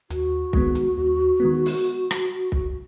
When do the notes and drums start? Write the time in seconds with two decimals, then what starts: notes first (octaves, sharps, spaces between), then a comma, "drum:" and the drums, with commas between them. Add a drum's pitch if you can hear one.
0.10 D#2 F#4, drum: hi-hat
0.53 D#3 G#3 B3, drum: kick
0.75 drum: hi-hat
0.97 D#2
1.40 D#3 G#3 B3
1.66 drum: open hi-hat
2.11 drum: rim click
2.52 drum: kick